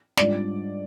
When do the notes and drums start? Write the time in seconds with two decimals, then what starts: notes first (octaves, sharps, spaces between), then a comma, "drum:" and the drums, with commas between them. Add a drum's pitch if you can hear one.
0.17 G#2 G3 D4 F4 D5, drum: snare